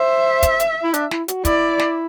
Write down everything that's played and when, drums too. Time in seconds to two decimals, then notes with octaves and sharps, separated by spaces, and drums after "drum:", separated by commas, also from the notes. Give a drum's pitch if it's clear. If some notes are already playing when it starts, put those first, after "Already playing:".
Already playing: C5 E5
0.43 drum: kick, hi-hat
0.60 drum: hi-hat
0.83 E4
0.94 D4, drum: hi-hat
1.11 E4, drum: snare
1.28 F#4, drum: hi-hat
1.45 E4 D5, drum: kick, hi-hat
1.79 drum: snare